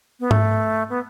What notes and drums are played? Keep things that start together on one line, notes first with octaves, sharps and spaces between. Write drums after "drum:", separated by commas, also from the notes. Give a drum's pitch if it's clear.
B3
A3, drum: tom G#2
B3